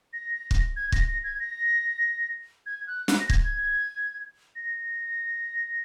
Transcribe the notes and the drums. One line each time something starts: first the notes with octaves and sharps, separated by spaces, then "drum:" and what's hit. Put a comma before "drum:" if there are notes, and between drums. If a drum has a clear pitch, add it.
A#6
drum: kick
G#6
A#6, drum: kick
A#6
G#6
A#6
G#6
F#6
F#6, drum: snare
A#6
G#6, drum: kick
A#6